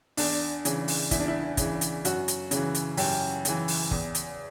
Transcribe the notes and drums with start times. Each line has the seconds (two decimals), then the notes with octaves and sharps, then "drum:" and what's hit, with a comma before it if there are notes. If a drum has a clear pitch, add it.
0.17 E2 D4, drum: open hi-hat
0.65 C#3 E3, drum: hi-hat
0.88 drum: open hi-hat
1.11 E2 E4, drum: kick, hi-hat
1.20 D4
1.28 E4
1.57 C#3 E3, drum: kick, hi-hat
1.81 drum: hi-hat
2.05 F#2 F#4, drum: hi-hat
2.28 drum: hi-hat
2.51 C#3 E3, drum: hi-hat
2.75 drum: hi-hat
2.97 F#2 G4, drum: open hi-hat
3.45 C#3 E3, drum: hi-hat
3.68 drum: open hi-hat
3.91 E2, drum: kick
4.15 drum: hi-hat